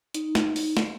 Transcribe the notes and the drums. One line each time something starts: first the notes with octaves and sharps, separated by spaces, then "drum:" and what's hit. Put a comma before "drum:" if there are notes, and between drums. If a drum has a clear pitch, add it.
D#4, drum: hi-hat
drum: snare
drum: open hi-hat
drum: snare